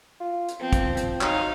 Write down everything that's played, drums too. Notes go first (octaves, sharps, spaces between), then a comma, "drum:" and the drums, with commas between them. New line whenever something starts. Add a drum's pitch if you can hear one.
F4
drum: hi-hat
F3 C4
drum: kick, hi-hat
drum: hi-hat
F#3 D#4 F5, drum: clap